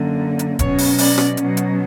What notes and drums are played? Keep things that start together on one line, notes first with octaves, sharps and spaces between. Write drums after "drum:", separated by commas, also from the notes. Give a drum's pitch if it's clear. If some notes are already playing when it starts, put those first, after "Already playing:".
Already playing: F#2 D3 A#3
drum: hi-hat
B2 F#3 C#4 C#5, drum: kick, hi-hat
drum: open hi-hat
D5, drum: open hi-hat
drum: rim click
B2 F#3 C#4, drum: hi-hat
drum: hi-hat